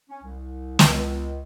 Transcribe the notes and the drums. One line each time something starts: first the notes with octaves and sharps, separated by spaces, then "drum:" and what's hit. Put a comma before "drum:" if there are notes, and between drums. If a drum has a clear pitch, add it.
C#4
C2
C#2, drum: snare